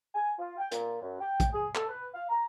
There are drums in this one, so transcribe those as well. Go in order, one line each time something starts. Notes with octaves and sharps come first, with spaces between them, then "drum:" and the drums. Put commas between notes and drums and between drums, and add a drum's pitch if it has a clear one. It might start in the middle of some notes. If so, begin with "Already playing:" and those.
G#5
F4
G5
A#2, drum: hi-hat
F#2
G5
drum: kick, hi-hat
G#4
A4, drum: clap
B4
F5
A#5